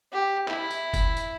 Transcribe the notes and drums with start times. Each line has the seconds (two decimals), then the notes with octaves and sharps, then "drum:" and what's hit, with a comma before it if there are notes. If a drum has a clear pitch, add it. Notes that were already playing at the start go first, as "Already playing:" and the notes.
0.13 G4
0.48 E4, drum: clap
0.71 drum: tambourine
0.94 drum: kick, tambourine
1.17 drum: tambourine